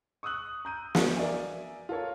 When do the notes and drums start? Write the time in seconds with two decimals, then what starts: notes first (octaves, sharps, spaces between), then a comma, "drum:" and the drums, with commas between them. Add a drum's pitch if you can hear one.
0.23 C#6 D#6 E6 F#6 F#7
0.65 A#5 G6 D#7
0.95 A#4, drum: snare
1.16 A#4 D5 E5 F5 G#5
1.89 F4 A4 A#4 C#5